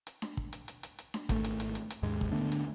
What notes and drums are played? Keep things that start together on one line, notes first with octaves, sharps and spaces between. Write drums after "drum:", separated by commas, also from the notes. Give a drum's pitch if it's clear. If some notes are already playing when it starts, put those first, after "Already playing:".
drum: hi-hat
drum: snare D4
drum: kick
drum: hi-hat
drum: hi-hat
drum: hi-hat
drum: hi-hat
drum: snare D4
G#1 A3, drum: kick, hi-hat
drum: hi-hat
drum: hi-hat
drum: hi-hat
drum: hi-hat
D#2 G#2 G#3
drum: kick
D3 A3 B3 D4
drum: hi-hat